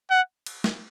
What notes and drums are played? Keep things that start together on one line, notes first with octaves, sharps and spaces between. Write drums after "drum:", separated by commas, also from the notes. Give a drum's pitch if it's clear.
F#5
drum: cymbal
drum: snare